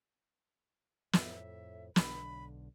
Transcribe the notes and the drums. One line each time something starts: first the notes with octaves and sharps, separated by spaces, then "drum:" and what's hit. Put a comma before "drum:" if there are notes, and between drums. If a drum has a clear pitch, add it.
F2 A2 E5, drum: snare
B1 D3 D4 B5, drum: snare